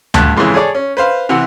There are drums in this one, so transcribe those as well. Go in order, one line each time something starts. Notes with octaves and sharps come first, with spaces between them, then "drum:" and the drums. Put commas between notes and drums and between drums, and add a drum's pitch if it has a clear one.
D2 G2 A5 F#6, drum: tom D2
F2 G#2 C#3 E3
G#4 A4 C#5 D5
C#4
B4 C5 F5
C3 E3 F#5